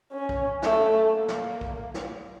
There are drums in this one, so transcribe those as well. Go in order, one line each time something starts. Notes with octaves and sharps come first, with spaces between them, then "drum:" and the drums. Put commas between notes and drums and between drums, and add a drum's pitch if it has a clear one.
C#4
drum: kick
A3, drum: snare
A#3
drum: snare
drum: kick
drum: snare